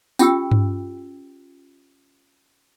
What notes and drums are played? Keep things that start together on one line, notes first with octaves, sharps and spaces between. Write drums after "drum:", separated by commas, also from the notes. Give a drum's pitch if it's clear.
C#4 F4 G4 G5 E6, drum: tambourine
drum: tom G2